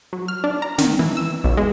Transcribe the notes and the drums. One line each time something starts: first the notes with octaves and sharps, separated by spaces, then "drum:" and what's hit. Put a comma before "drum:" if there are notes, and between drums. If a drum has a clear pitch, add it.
F#3
F6
D4
A#5
D#3, drum: snare
E3
E6
B1
G#3